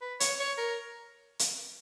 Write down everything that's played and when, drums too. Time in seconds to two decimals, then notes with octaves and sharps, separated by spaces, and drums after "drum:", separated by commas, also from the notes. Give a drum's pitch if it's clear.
0.02 B4
0.20 C#5, drum: hi-hat
0.40 C#5
0.58 A#4
1.39 drum: hi-hat